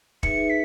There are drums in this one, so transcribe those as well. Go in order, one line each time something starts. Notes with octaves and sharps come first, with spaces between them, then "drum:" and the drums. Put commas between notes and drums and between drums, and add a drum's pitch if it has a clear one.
D#4 G#4 B4 E5 C#7, drum: kick E1
B6